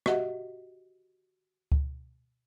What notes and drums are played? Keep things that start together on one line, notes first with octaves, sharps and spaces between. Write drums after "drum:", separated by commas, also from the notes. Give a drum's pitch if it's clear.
F#4 G4 D#5 E5 F#5, drum: rim click
drum: kick C#2